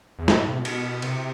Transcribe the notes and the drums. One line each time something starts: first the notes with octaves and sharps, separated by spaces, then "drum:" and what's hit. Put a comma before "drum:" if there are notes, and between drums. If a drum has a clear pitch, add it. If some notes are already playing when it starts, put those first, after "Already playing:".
E2
F#2, drum: snare
A2
C3
B2
drum: cymbal
C3, drum: cymbal